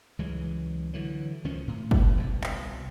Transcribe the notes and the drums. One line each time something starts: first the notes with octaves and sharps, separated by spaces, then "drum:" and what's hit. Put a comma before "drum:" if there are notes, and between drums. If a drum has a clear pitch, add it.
C#2 E3 F#3 G#3
D3 E3 F#3
C#2 D#3 F3 C#4
A2
drum: kick
C2 B2
drum: clap